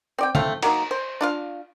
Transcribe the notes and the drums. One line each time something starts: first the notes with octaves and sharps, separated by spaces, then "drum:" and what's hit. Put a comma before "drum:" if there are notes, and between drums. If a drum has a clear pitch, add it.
C4 D5 G5
A3 C4 F5, drum: tom C#3
F#3 A#3 D#4, drum: cymbal
C5
D4 F4 F5